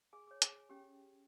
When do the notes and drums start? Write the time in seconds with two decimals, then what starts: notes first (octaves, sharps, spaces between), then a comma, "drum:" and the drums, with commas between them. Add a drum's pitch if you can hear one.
0.13 G#4 G#5
0.27 G#4 C#5
0.42 G#4 G#5, drum: hi-hat
0.69 C#4 G4 G5